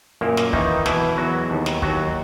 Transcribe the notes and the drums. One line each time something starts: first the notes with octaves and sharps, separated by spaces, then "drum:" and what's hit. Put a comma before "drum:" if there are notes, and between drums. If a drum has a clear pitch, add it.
F#2 A#2 A#3
drum: snare
D#3 E3 D#4, drum: kick
B2 E3 E4, drum: snare
E2 F#3 F#4
D#2
drum: snare
D#2 F#3 F#4, drum: kick